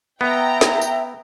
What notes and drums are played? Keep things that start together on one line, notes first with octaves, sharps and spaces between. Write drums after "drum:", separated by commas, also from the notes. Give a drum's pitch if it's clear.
B3 E5 G5 A#5
drum: snare
drum: tambourine